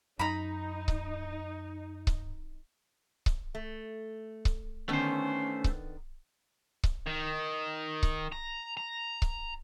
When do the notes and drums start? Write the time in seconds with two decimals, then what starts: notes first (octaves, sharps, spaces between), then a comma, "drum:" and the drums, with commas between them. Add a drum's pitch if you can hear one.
0.19 F#2 D#4 A#5 B5
0.88 drum: kick C#1
2.07 drum: kick C#1
3.26 drum: kick C#1
3.55 A3
4.45 drum: kick C#1
4.89 D3 D#3 A3 B3 C#4 C5
5.64 drum: kick C#1
6.83 drum: kick C#1
7.07 D#3
8.03 drum: kick C#1
8.32 A#5
8.77 A#5
9.22 drum: kick C#1